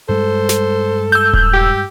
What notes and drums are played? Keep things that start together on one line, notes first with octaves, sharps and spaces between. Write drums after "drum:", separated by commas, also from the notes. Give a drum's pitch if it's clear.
G2 G3 G#3 A4 C5
drum: snare
E6 G6
drum: kick D#1
G4